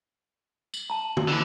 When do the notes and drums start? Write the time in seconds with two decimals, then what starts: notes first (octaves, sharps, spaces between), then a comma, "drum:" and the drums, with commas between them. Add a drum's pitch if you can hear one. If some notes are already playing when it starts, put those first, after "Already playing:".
0.74 F#7, drum: tambourine
0.90 A5 A#5
1.17 drum: tom
1.28 D3 E3